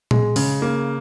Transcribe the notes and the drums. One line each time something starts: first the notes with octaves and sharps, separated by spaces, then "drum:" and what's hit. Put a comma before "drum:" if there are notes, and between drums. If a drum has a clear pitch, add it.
G#3, drum: tom A#2
C#3, drum: open hi-hat
A#3